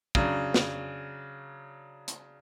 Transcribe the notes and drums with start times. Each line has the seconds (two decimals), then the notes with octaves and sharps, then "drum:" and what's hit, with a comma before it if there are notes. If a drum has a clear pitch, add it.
0.15 C#3 F#3 D4, drum: kick
0.54 drum: snare
2.08 drum: hi-hat